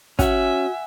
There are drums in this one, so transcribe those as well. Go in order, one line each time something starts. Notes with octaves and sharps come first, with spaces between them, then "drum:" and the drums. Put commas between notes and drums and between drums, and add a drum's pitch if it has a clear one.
C#4 F#4 E5 F#5 G#5, drum: kick, hi-hat